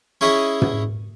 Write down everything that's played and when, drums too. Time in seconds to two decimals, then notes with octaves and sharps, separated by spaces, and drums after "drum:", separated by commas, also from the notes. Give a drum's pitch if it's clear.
0.21 C#4 E4 G#4 C#5 D#5 E5
0.62 drum: tom